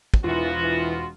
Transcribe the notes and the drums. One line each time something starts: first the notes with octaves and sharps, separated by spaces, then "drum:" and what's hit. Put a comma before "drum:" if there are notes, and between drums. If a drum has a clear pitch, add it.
drum: kick
E1 E3 F3 B3 F4 F#4
E3